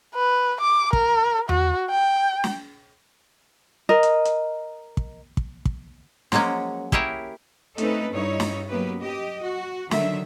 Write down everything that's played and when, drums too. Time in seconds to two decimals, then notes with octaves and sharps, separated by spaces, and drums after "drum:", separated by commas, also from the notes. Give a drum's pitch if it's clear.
0.15 B4
0.61 D6
0.93 A#4, drum: kick
1.49 F#4, drum: tom E2
1.90 G5
2.44 drum: snare
3.89 A#4 D#5
4.03 drum: hi-hat
4.25 drum: hi-hat
4.97 drum: kick
5.37 drum: kick
5.65 drum: kick
6.32 F3 F#3 G#3 A#3 C#4, drum: snare
6.92 E4 G4 G#4 A#4 C#5 E5, drum: kick
7.78 A3 C4 C#4 D#4 A4 B4, drum: hi-hat
8.12 G2 D#4 E4 C#5
8.40 drum: snare
8.69 F#3 A#3 B3 C#4 G4 B4
8.99 G4 D#5
9.43 F#4
9.91 D3 D#3 F#3 E5, drum: snare